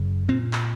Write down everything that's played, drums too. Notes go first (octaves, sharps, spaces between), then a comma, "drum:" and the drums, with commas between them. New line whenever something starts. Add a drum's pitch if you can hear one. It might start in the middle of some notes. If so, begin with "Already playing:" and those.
Already playing: F#1 F#2 C#3
A#2 C4
drum: clap